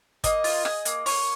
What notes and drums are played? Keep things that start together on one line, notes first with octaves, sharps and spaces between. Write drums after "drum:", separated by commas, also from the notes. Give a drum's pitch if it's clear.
A#3 D#5, drum: kick G#1, hi-hat
F4, drum: open hi-hat
G#4, drum: rim click
A#3, drum: hi-hat
A#3 C#5, drum: open hi-hat